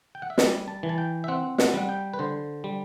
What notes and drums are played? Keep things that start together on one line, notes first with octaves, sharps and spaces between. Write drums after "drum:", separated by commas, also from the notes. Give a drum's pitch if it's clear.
G5
F#5
E5
G3 D5, drum: snare
A5
E3
A5
G5
E5
C4 F#5
F#5, drum: snare
G3 F#5
G5
B4
D3 C5
G3